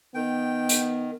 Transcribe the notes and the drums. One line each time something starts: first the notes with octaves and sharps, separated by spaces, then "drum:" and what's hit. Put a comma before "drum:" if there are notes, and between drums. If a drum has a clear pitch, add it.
D#3 B3 G5
drum: hi-hat